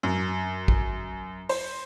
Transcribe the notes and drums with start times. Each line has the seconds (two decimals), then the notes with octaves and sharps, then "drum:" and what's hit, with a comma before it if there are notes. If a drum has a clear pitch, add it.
0.03 F#2
0.68 drum: kick
1.49 C5, drum: open hi-hat